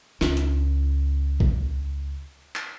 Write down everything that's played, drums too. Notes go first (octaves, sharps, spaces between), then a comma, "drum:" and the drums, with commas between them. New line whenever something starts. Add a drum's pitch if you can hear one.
C#2 F4, drum: snare
drum: hi-hat
drum: kick A#1
drum: clap